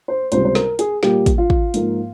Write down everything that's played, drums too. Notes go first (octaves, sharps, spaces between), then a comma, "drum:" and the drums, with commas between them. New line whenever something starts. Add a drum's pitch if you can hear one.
C5
C#2 C3 G3 C5, drum: hi-hat
C5
A#4, drum: snare
G#4, drum: hi-hat
A#2 G3 A#3 G4, drum: snare
drum: kick, hi-hat
F4
drum: kick
G#2 F3 A#3, drum: hi-hat